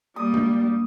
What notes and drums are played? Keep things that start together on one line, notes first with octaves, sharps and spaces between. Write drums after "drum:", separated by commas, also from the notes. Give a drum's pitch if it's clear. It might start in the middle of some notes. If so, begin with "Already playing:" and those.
G3 A#3 D#6
drum: tom G#3